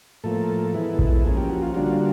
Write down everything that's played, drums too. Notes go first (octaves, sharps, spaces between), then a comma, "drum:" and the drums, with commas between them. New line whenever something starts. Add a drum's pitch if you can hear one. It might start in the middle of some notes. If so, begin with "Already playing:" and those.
A2 F3 A#3 A4
E3 G#3 B3 E4
drum: kick A1
F3 A#3 C#4 G#4
G4
F#4
F4
D3 G3 A#3 D4 F4 F#4